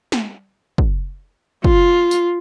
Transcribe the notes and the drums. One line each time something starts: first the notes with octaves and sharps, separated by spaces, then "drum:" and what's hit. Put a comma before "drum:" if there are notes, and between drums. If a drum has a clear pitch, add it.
drum: snare
drum: kick
F4, drum: kick
drum: tambourine